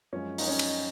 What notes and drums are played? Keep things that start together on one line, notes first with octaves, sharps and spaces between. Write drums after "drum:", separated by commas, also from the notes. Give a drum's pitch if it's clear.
F#2 F3 G#3 C#4
D#4, drum: open hi-hat
C#4
drum: cymbal